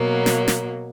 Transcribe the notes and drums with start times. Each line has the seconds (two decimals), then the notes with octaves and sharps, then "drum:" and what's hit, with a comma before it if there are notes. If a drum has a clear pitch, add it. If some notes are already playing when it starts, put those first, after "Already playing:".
Already playing: B2 F#3 A#3
0.26 drum: snare
0.48 drum: snare